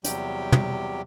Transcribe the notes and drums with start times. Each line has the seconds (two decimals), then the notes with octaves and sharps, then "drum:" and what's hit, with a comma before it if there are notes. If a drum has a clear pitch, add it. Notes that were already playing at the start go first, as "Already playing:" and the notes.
0.04 E2 C3 F#3 G3 G4 G5, drum: hi-hat
0.52 drum: tom